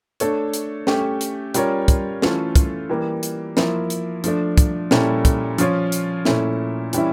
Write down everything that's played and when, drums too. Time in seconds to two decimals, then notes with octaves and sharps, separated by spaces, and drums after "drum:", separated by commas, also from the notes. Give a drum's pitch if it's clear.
0.20 A3 D4 A4 C#5, drum: hi-hat
0.54 drum: hi-hat
0.87 A3 C#4 G4, drum: snare
1.21 drum: hi-hat
1.54 G3 C#4 F4 A#4 C#5, drum: hi-hat
1.88 drum: kick, hi-hat
2.22 E3 A3 C#4 F4 A4, drum: snare
2.56 drum: kick, hi-hat
2.89 E3 G3 A#3
3.23 drum: hi-hat
3.57 F3 A#3 E4, drum: snare
3.90 drum: hi-hat
4.24 F3 A3 D4, drum: hi-hat
4.58 drum: kick, hi-hat
4.91 A#2 G3 C#4 E4 A4, drum: snare
5.25 drum: kick, hi-hat
5.58 F3 C#4 F4 C#5, drum: hi-hat
5.92 drum: hi-hat
6.25 A#2 A3 C#4 E4, drum: snare
6.93 E3 G3 C#4 E4, drum: hi-hat